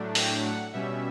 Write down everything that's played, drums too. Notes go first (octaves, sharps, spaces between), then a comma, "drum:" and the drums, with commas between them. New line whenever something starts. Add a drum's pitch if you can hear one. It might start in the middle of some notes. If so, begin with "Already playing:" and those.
Already playing: A2 F#3 A3 D4
G5, drum: open hi-hat
F#5
B2 G3 C#4 E5